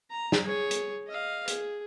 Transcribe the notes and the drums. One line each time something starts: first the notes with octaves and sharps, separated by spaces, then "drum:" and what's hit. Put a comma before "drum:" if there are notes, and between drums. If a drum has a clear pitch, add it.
A#5
drum: snare
G#4 C#5
drum: hi-hat
D#5 F5
G#4, drum: hi-hat